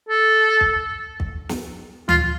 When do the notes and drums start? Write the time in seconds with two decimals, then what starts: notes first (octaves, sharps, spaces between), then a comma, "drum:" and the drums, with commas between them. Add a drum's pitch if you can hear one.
0.09 A4
0.61 drum: kick
1.20 drum: kick
1.49 drum: snare
2.09 F4, drum: tom D2